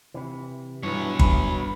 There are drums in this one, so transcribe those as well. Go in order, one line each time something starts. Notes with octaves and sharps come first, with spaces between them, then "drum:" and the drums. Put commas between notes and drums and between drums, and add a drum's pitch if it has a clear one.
C3 E3
G2 B2 E3 B3 C#5
B5, drum: kick G1